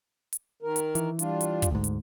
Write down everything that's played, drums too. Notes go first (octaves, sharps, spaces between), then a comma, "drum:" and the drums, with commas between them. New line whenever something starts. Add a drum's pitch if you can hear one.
drum: hi-hat
D#3 A#4
drum: hi-hat
E3, drum: hi-hat
G3 D4 F4, drum: hi-hat
drum: hi-hat
drum: kick, hi-hat
D2 G#2
drum: hi-hat